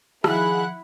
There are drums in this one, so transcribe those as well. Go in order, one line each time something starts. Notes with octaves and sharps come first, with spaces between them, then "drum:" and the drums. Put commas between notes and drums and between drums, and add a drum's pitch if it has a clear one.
D#3 F3 E4 G#4 F#5 B5 F#6, drum: rim click